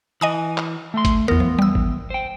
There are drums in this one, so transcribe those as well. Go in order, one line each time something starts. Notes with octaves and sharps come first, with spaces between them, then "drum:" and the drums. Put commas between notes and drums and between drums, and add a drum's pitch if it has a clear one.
E3 D#5 G#5 D#6
drum: clap
A3 C6
drum: kick G#1, hi-hat
E2 E3 B3 A#4
F3
G3 E6
drum: kick G#1
C5 G5